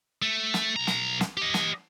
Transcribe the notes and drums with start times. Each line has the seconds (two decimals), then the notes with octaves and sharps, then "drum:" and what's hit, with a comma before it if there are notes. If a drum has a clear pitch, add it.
0.22 A3
0.54 drum: snare
0.76 B1 A#5
0.87 drum: snare
1.21 drum: snare
1.37 G4 D#5
1.54 drum: snare